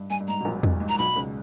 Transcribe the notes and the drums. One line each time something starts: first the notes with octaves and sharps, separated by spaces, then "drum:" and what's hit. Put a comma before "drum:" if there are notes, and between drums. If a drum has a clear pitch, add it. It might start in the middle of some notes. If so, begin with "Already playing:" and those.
Already playing: G2
G2 G#5
G2
G#2 A#5
B2
A#1 A#2
G2, drum: tom E2
G#2
A#5
B1 B2 B5
C#2 C#3